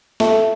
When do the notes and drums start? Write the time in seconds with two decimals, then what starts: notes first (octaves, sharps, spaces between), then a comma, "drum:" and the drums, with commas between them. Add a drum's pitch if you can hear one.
0.20 A3, drum: snare